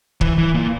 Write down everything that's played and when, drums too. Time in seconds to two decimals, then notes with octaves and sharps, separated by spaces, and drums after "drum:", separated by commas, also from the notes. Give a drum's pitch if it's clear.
0.21 E3, drum: kick
0.38 E3
0.55 A#2